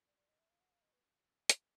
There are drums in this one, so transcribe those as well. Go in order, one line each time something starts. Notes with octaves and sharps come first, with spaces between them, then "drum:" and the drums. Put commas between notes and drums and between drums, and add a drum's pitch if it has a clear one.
D5
D5
D#5
E5
F5
F#5
F5
D#5
B4
drum: hi-hat